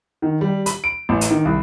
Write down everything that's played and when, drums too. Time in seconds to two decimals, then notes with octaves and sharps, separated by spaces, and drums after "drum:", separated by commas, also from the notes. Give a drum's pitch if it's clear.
0.22 D#3
0.41 G3
0.66 B5, drum: hi-hat
0.84 D7
1.09 A1
1.21 drum: hi-hat
1.30 D#3
1.45 C2